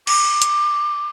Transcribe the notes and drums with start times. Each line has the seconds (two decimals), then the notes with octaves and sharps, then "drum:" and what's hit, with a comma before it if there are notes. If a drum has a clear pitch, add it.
0.07 D6, drum: cymbal
0.42 drum: hi-hat